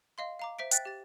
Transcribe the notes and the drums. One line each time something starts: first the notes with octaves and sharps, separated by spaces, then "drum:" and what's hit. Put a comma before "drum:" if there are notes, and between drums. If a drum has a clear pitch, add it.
D#5 F5 C6
F5 A#5 D6
C5 E5 B6 D7
G5 F#6 A6 B6, drum: hi-hat
G4 A6